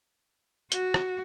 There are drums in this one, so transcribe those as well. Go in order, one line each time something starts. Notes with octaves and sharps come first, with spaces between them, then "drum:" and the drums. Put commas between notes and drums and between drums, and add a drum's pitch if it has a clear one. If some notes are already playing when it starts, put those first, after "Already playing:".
F#4, drum: hi-hat
drum: rim click